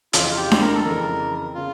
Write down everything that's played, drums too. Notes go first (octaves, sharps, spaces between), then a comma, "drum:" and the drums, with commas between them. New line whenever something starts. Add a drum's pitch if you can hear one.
F2 C#3 E3 F4, drum: hi-hat
F4
G4
drum: snare D4
A#4
A4
F2 C#3 E3 A#4
C#3 F4